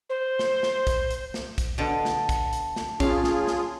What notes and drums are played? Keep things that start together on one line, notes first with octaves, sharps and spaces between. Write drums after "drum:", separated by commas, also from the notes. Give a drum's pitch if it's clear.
C5
drum: snare
drum: snare
drum: kick, hi-hat
drum: hi-hat
drum: snare
drum: kick, hi-hat
B2 D3 A5
drum: snare
drum: kick, hi-hat
drum: hi-hat
drum: snare
C#4 F4 G#4 F5, drum: kick, hi-hat
drum: snare
drum: snare